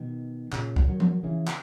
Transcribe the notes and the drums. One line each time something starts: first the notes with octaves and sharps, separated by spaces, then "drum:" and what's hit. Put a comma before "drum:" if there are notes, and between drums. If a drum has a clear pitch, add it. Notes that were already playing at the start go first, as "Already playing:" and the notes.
Already playing: B2 D#3
A#2 C#3, drum: clap
drum: kick
D#3 F#3
drum: tom F3
C#3 E3
drum: clap